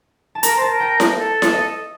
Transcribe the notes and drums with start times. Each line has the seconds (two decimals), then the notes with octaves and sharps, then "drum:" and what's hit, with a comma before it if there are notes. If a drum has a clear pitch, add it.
0.35 A5
0.43 A#4 A#5, drum: hi-hat
0.56 C5
0.61 A5
0.69 A#4
0.80 G5
1.00 drum: snare E4
1.16 A4
1.42 drum: snare E4
1.53 D#5